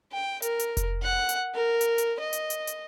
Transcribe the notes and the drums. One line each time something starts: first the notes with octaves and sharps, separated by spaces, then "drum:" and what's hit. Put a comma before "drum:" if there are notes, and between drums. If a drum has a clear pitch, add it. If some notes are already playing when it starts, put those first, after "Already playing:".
G5
A#4, drum: hi-hat
drum: hi-hat
drum: kick F1, hi-hat
F#5
drum: hi-hat
A#4
drum: hi-hat
drum: hi-hat
D#5
drum: hi-hat
drum: hi-hat
drum: hi-hat